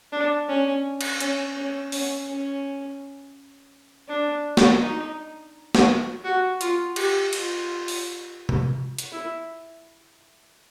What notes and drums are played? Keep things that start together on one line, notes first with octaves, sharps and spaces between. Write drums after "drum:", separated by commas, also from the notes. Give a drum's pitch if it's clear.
D4
C#4
drum: cymbal
C#4, drum: hi-hat
C#4
C#4, drum: open hi-hat
C#4
D4
drum: snare
D#4
drum: snare
F#4
F4, drum: hi-hat
G4, drum: cymbal
F4, drum: cymbal
drum: open hi-hat
drum: tom C3
drum: hi-hat
E4